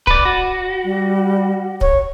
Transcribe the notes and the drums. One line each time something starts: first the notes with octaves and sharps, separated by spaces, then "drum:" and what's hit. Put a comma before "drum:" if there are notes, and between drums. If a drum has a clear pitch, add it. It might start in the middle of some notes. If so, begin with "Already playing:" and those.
B4 D5, drum: kick
F#4
G3
C#5, drum: kick